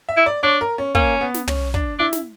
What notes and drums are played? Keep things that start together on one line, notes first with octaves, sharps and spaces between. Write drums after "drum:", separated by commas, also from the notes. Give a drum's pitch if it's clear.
E5
E4
D5
D4 C#5
A#4
C#4
A#3 C#4, drum: kick
B3
drum: snare
C#4, drum: tom
D4, drum: kick
D4 E4
drum: snare